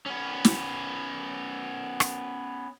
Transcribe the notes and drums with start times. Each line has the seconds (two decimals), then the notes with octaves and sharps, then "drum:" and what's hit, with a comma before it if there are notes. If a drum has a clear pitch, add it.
0.06 B3 C#4
0.45 drum: snare
2.00 drum: rim click